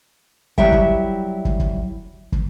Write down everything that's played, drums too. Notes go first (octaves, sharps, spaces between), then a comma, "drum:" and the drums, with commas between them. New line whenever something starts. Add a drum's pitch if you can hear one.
F#3 G3 E4 E5 G5, drum: kick
drum: kick
drum: kick
drum: kick
drum: kick